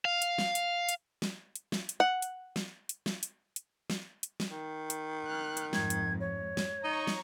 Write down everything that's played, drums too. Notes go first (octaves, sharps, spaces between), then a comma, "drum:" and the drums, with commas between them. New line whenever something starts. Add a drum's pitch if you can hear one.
F5
drum: hi-hat
drum: snare
drum: hi-hat
drum: hi-hat
drum: snare
drum: hi-hat
drum: snare
drum: hi-hat
F#5
drum: hi-hat
drum: snare
drum: hi-hat
drum: snare
drum: hi-hat
drum: hi-hat
drum: snare
drum: hi-hat
drum: snare
D#3
drum: hi-hat
F6 F#6
drum: hi-hat
F2 G#2 G#6, drum: snare
drum: hi-hat
C#5
drum: snare
D#4 A#5 C#6
drum: snare